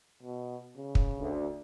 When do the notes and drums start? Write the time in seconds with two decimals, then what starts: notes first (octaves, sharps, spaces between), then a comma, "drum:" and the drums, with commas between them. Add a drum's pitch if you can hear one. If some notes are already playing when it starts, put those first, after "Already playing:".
0.23 B2
0.77 C#3
0.95 drum: kick
1.19 D2